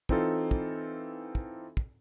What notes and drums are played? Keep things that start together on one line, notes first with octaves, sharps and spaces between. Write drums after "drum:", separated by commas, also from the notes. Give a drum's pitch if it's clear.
E3 C4 D#4 F4 A4, drum: kick
drum: kick
drum: kick
drum: kick